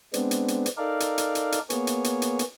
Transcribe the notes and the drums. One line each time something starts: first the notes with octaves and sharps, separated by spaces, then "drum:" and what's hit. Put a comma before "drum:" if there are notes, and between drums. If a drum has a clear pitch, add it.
G#3 B3 C4 D4, drum: hi-hat
drum: hi-hat
drum: hi-hat
drum: hi-hat
D#4 A4 A#4 D5 F5
drum: hi-hat
drum: hi-hat
drum: hi-hat
drum: hi-hat
A#3 B3 G#4 C#5, drum: hi-hat
drum: hi-hat
drum: hi-hat
drum: hi-hat
drum: hi-hat